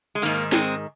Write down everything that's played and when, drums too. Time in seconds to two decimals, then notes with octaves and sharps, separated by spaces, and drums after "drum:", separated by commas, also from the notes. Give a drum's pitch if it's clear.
0.15 G#3
0.22 G#2 D#3 A#3
0.35 drum: hi-hat
0.52 G#3 C4, drum: snare